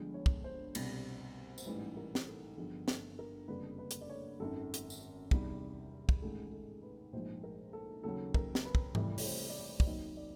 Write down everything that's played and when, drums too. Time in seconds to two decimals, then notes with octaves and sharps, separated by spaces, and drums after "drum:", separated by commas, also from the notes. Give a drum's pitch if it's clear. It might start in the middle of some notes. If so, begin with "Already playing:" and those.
Already playing: G1 G2 D3 F3 G#3
0.14 C#5
0.26 drum: kick
0.44 C5
0.75 C2 B2 G3, drum: cymbal
1.58 C5, drum: tambourine
1.66 A1 G#2 E3 G3 B4
1.97 A#4
2.15 drum: snare
2.27 A4
2.57 G1 G2 D3 F3 G#4
2.88 A4, drum: snare
3.19 A#4
3.48 F#1 F2 D3 G3 B4
3.78 B4
3.91 drum: hi-hat
4.01 D5
4.10 C#5
4.40 G#1 F#2 D#3 A4
4.74 drum: hi-hat
4.90 drum: tambourine
5.31 E2 C3 D#3 G3, drum: kick
6.09 drum: kick
6.22 A1 G#2 D#3 G#3 A4
6.52 A4
6.83 B4
7.13 A#1 G#2 F3 G#3 C5
7.44 A#4
7.73 A4
8.03 D#2 C#3 F#3 A4
8.34 A#4, drum: kick
8.55 drum: snare
8.65 B4
8.75 drum: kick
8.95 F1 F2 C3 E3 G3, drum: tom G#2
9.18 C#5, drum: open hi-hat
9.26 C5
9.49 D5
9.56 C#5
9.80 D5, drum: kick
9.86 D#2 D#3 F#3 D#5
10.17 D5